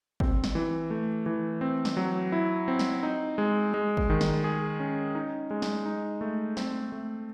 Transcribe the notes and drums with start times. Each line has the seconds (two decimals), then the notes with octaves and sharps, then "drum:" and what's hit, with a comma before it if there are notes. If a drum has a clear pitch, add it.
0.20 C4, drum: kick
0.44 drum: snare
0.55 E3
0.91 A3
1.26 E3
1.61 C4
1.85 drum: snare
1.97 F#3
2.32 E4
2.68 C4
2.79 drum: snare
3.03 D#4
3.38 G#3
3.74 G#3
3.97 drum: kick
4.10 D#3
4.21 drum: snare
4.44 G#4
4.80 C#4
5.15 D#4
5.51 G#3
5.62 drum: snare
5.86 D#4
6.21 A3
6.57 C4, drum: snare
6.92 A3